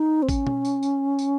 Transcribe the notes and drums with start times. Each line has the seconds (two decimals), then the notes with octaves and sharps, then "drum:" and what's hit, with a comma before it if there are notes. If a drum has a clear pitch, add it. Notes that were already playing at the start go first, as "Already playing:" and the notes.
Already playing: D#4
0.23 C4
0.29 C#4, drum: kick G#1, tambourine
0.47 drum: tom B2
0.65 drum: tambourine
0.83 drum: tambourine
1.19 drum: tambourine